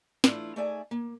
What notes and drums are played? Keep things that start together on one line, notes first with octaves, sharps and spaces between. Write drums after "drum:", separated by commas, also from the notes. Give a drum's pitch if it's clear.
E3 A3 D4 E4 F4, drum: snare
A3 D#4 G#4 D5 E5 G#5
A#3